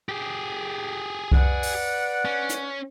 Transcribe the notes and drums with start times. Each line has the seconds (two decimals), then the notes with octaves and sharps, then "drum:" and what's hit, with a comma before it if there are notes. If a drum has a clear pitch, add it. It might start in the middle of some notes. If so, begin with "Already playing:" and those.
0.09 G4 G#4
1.32 B4 D5 F#5, drum: kick C2
1.63 drum: open hi-hat
2.25 C#4
2.50 drum: hi-hat